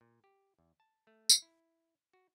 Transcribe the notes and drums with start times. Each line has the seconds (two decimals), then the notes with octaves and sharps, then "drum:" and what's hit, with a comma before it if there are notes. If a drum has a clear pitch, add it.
0.01 A#2
0.24 G4
0.59 E2
0.80 A5
1.07 A3
1.29 drum: tambourine
1.42 E4
2.13 F#4